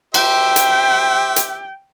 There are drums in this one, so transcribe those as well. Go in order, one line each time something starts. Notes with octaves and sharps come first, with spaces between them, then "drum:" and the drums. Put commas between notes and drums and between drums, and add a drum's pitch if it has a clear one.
G4 C5 E5 G5, drum: cymbal
drum: hi-hat
drum: hi-hat